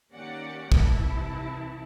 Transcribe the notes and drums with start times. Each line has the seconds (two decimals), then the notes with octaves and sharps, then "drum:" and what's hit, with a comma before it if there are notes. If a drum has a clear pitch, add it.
0.12 D#3 A#3 C#4 G4 D5 F#5
0.72 C2 C3 E3 E4 A5, drum: kick